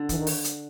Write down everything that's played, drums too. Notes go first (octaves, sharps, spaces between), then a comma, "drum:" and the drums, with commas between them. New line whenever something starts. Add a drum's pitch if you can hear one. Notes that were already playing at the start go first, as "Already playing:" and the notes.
Already playing: D3
E3, drum: kick, hi-hat
D#3
drum: open hi-hat
drum: hi-hat